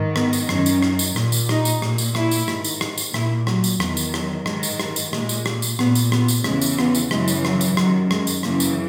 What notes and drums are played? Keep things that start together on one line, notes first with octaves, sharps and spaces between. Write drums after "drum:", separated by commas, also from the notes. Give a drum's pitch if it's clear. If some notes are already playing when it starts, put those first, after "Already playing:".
Already playing: G#2 D#3
B3, drum: rim click
drum: tambourine
F#2 D#3 C#4, drum: rim click
drum: tambourine
drum: rim click
drum: tambourine
A#2, drum: rim click
drum: tambourine
D#4, drum: rim click
drum: tambourine
A#2, drum: rim click
drum: tambourine
E4, drum: rim click
drum: tambourine
G#2 D#3, drum: rim click
drum: tambourine
drum: rim click
drum: tambourine
A#2 E4, drum: rim click
F#3, drum: rim click
drum: tambourine
E2 D#3, drum: rim click
drum: tambourine
F#3, drum: rim click
G#2 D#3 G#3, drum: rim click
drum: tambourine
drum: rim click
drum: tambourine
A#2 G#3, drum: rim click
drum: tambourine
drum: rim click
drum: tambourine
A#2 B3, drum: rim click
drum: tambourine
B3, drum: rim click
drum: tambourine
E2 C#3 E3 G#3, drum: rim click
drum: tambourine
B3, drum: rim click
drum: tambourine
F#2 C#3 E3 G#3, drum: rim click
drum: tambourine
F#3, drum: rim click
drum: tambourine
F#2 D#3 F#3, drum: rim click
G#3, drum: rim click
drum: tambourine
F#2 C#3 E3 A#3, drum: rim click
drum: tambourine